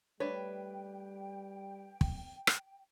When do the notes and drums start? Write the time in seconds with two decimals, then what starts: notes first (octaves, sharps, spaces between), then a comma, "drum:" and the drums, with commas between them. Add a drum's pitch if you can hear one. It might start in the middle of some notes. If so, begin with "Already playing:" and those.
0.20 G3 A3 D4 B4 C#5 G5
2.01 drum: kick
2.47 drum: rim click